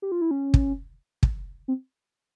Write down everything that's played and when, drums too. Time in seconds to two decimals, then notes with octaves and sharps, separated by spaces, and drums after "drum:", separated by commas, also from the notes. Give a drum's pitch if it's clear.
0.02 G4
0.12 F4
0.21 E4
0.31 C#4
0.54 drum: kick
1.23 drum: kick
1.68 C4